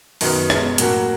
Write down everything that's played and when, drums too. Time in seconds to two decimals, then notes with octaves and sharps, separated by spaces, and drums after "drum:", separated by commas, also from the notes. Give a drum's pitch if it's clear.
0.21 F#2 D#3 F#3 B3, drum: open hi-hat
0.50 E2 B2 G#3 C#4, drum: rim click
0.78 A2 F#3 A#3 C#4 F#4, drum: hi-hat